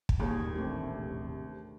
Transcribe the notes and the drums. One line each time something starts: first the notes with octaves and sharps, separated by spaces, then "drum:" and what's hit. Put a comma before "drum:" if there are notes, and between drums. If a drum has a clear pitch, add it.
drum: kick
D#1 A1 D#2 D#3 G#4 C#5
A3 C4 D4 G4
C3